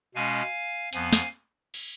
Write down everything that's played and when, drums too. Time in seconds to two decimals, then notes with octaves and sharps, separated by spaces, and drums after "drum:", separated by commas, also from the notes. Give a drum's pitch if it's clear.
0.15 B2 G#3 C#4 F5 G#5
0.93 F2 F3 B3 F5 G#5, drum: hi-hat
1.13 drum: snare
1.74 drum: cymbal